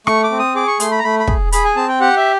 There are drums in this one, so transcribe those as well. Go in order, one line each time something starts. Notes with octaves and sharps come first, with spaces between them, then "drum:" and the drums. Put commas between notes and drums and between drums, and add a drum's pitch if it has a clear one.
A3 C#6, drum: rim click
D6
C4
D#6
G#4 D6
C#6
A3 C6, drum: hi-hat
B5
A#5
A3 B5
B5
G#4, drum: kick
G#4 B5, drum: hi-hat
G#5
C4 A5
G5
G4 F#5
E5